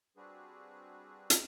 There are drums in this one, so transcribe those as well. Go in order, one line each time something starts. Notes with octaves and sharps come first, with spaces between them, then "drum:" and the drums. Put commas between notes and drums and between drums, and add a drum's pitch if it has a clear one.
G3 C4 D4 F#4 G#4 B4
drum: hi-hat